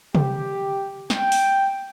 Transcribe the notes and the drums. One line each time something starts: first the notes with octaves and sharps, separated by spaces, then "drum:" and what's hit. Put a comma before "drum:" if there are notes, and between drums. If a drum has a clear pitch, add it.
G4, drum: tom C3
G5, drum: snare
drum: open hi-hat